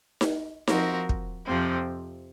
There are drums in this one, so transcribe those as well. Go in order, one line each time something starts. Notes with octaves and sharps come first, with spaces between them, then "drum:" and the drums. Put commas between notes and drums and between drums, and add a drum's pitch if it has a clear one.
drum: snare D#4
F3 C4 F#4 A#4, drum: snare D#4
drum: kick
F2 C3 F3 C4